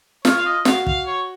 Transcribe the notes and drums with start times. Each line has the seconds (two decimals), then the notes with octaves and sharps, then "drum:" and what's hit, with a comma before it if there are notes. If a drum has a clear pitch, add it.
0.25 F4 C#5, drum: snare
0.38 F5
0.46 D#5
0.65 F#4 F5, drum: snare
0.86 F5, drum: kick
1.06 C#5